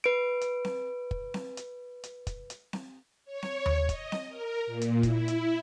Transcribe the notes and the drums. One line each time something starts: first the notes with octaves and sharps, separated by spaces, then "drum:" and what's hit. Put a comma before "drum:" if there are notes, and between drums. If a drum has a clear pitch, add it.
B4 D7
drum: hi-hat
drum: snare C4
drum: kick
drum: snare C4
drum: hi-hat
drum: hi-hat
drum: kick, hi-hat
drum: hi-hat
drum: snare C4
C#5
drum: snare C4
drum: tom D#2
D#5, drum: kick, hi-hat
drum: snare C4
A#4
A#2
drum: hi-hat
E4, drum: kick, hi-hat
drum: hi-hat